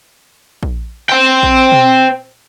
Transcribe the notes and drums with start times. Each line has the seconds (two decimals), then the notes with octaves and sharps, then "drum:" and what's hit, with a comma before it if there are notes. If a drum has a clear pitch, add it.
0.63 drum: kick A#1
1.09 C5 G5
1.43 drum: kick A#1
1.72 drum: tom